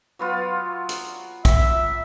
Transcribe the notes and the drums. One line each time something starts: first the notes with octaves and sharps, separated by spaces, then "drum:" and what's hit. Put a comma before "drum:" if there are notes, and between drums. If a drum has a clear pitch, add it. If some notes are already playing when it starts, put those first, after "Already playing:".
F#3 B3 F4
drum: hi-hat
E5, drum: kick, hi-hat